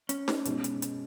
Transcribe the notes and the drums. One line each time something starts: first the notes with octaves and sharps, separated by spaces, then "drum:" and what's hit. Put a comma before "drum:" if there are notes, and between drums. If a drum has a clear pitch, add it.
C#4, drum: hi-hat
drum: snare
B2 G#3 D#4, drum: hi-hat
drum: hi-hat
drum: hi-hat